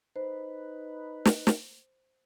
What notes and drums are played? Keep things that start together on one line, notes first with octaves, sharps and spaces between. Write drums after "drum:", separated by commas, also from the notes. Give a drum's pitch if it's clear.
D#4 B4 C5
drum: snare
drum: snare